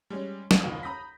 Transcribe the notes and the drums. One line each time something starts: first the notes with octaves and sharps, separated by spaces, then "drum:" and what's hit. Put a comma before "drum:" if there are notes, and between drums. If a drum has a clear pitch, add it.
G3 G#3 C#4
drum: snare
F#1 D#2 B2 F4 D#6
A#5 B5 D#6 G6 A#6 B6